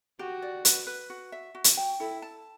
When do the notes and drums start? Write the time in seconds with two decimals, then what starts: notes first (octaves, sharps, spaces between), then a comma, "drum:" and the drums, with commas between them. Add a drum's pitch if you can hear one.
0.19 F#4 G4
0.42 D5
0.65 B4, drum: hi-hat
0.87 B4
1.10 F#4
1.32 E5
1.55 F#4
1.64 drum: hi-hat
1.77 G5
2.00 E4 A4
2.22 A5